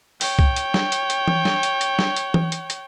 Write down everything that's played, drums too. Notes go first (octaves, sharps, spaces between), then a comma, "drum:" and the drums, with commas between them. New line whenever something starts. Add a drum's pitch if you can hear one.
C#5 G5, drum: open hi-hat
drum: kick C2
drum: hi-hat
drum: snare
drum: hi-hat
drum: hi-hat
drum: tom E3
drum: snare
drum: hi-hat
drum: hi-hat
drum: snare
drum: hi-hat
drum: tom E3
drum: hi-hat
drum: hi-hat